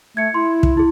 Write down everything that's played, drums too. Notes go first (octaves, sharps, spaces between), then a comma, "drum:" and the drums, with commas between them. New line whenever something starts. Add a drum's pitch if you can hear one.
A3 G#6 C#7
E4 C6
drum: kick
E4 G#4